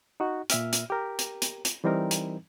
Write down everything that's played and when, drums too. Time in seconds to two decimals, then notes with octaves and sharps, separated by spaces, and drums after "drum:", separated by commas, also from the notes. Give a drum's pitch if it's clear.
0.20 D#4 F#4
0.50 A#2 E5 F6, drum: hi-hat
0.73 drum: hi-hat
0.90 G4 A#4
1.19 drum: hi-hat
1.42 drum: hi-hat
1.65 drum: hi-hat
1.84 E3 G3 C4 D#4 A#4
2.11 drum: hi-hat